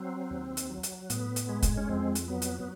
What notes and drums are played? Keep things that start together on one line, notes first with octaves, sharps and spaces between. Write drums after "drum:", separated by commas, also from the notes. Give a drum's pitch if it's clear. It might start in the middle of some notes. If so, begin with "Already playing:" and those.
Already playing: F#3 C4
D#2
drum: hi-hat
F#3
drum: hi-hat
A2 B3, drum: hi-hat
drum: hi-hat
G#3
drum: kick, hi-hat
C#4
F2 C4
drum: hi-hat
F#3 B3
drum: hi-hat
B3